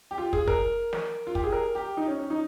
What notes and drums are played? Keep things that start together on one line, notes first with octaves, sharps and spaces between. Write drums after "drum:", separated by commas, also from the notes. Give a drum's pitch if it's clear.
G4
F4
G#4, drum: kick
A#4, drum: kick
drum: snare
F4
G4, drum: kick
G#4
A#4
G4
D#4
C#4
C#4
D#4